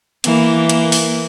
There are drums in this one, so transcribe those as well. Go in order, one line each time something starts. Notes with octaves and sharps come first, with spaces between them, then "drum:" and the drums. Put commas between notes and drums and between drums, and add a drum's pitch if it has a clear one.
E3 A#3, drum: hi-hat
drum: hi-hat
drum: open hi-hat